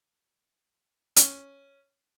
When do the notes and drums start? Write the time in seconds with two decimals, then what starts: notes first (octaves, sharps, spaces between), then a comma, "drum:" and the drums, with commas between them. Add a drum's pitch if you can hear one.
1.16 C#4, drum: hi-hat